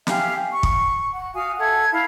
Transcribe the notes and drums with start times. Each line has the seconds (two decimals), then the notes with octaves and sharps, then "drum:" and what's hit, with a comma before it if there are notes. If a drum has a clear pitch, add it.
0.07 G4 E5 F5 G#5, drum: snare
0.51 C#6
0.63 drum: kick
1.12 F#5
1.34 F#4 F5 G#5 D#6
1.58 A4 E5 F#5 G#6
1.92 E4 F5